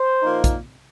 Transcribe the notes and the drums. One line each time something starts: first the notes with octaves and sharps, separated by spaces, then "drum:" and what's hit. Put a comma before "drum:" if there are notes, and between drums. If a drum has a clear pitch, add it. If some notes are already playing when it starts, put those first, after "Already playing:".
Already playing: C5
A#2 F3 A#3 D#4
drum: kick A#1, hi-hat